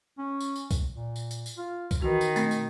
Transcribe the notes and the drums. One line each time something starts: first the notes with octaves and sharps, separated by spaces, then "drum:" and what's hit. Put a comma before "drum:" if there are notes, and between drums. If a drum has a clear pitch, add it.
C#4
drum: tambourine
drum: tambourine
drum: kick B1, tambourine
A#2
drum: tambourine
drum: tambourine
drum: tambourine
F4
drum: kick B1, tambourine
D#3 E3 F#4
drum: tambourine
B2 A3 C4, drum: tambourine
drum: tambourine